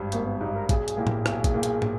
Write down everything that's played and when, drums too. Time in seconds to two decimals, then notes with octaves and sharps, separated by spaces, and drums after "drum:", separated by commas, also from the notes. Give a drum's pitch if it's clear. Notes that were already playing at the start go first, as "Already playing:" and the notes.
Already playing: G#1 G2 G3
0.12 G#1 A#3, drum: hi-hat
0.26 B3
0.41 G2 G3 D#4
0.55 A#4
0.69 B1 G#4, drum: kick A1, hi-hat
0.88 drum: hi-hat
0.97 A#2 A#3 E4 G4
1.07 drum: tom A2
1.26 B1, drum: rim click
1.44 drum: kick A1, hi-hat
1.54 A#2 A#3 E4 G4
1.63 drum: hi-hat
1.82 drum: tom